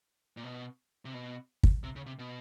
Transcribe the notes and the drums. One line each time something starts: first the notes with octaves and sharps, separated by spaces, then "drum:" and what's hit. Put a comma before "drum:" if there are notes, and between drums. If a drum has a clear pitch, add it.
A#2
B2
C3
B2
drum: kick
C3
C#3
C3
B2